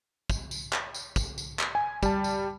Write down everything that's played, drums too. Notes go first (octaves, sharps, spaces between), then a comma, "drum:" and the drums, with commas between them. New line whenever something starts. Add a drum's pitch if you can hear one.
drum: kick, tambourine
drum: tambourine
drum: clap
drum: tambourine
drum: kick, tambourine
drum: tambourine
drum: clap
G#5
G3 A5, drum: kick, tambourine
drum: tambourine